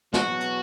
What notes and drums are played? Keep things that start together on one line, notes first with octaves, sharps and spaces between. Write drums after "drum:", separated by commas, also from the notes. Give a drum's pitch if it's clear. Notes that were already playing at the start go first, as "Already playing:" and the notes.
E2 B2 F#3 B3 F#4, drum: snare
drum: hi-hat